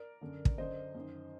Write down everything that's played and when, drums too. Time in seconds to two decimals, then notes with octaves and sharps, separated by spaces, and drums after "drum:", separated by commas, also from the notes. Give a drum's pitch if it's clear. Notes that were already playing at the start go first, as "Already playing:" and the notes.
Already playing: A#4 D5
0.21 F#2 D3
0.45 drum: kick
0.58 F#2 D3 C5 D#5
0.95 F#2 D#3